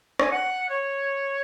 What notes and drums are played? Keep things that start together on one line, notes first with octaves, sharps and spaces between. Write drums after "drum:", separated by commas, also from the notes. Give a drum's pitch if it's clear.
G#5, drum: rim click
F#5
C#5